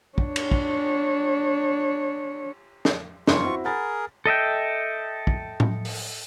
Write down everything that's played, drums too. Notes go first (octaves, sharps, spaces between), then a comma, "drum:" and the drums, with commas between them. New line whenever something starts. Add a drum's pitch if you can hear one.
D4 C#5, drum: kick
drum: cymbal
drum: kick
drum: snare
F#1 E2 G2 F4 C#6, drum: snare
C4 E4 F#4
G#4 A#4 F#5 B5 A6
A4 D#5 E5 G5
drum: kick
drum: tom A2
drum: open hi-hat